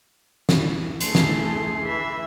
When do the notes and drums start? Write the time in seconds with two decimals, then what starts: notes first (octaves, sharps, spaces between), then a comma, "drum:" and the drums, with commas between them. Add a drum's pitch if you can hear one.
0.49 drum: snare
1.00 A3 G#4 C6, drum: hi-hat
1.15 drum: snare
1.84 E3 E5 B5